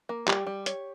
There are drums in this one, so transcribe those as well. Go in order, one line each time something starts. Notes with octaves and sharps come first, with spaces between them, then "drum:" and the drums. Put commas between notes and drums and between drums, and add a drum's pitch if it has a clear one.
A#3
G3 G4, drum: clap
G3
C#5, drum: hi-hat